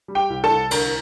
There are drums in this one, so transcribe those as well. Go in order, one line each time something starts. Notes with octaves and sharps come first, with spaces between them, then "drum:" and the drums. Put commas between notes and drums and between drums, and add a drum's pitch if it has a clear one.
G3
G4 G5
C2
A4 A5
C2
D2 A#4 A#5, drum: cymbal